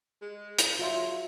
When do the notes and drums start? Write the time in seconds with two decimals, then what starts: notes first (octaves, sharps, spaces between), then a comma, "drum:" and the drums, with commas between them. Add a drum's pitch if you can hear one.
0.22 G#3
0.59 drum: hi-hat
0.79 F#3 F4 E5 C6